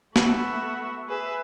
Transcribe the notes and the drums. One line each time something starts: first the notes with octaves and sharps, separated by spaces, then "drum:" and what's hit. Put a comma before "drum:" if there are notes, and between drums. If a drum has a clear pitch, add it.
A3 B3 F#4 E5, drum: snare
G#4 B4 E5